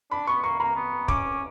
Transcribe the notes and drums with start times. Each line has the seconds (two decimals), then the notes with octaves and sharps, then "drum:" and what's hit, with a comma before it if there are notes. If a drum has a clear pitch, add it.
0.11 D4 B5
0.27 B3 C#6
0.43 A#3 C#6
0.59 A#3 A#5
0.76 B3
1.08 C#4 D6, drum: kick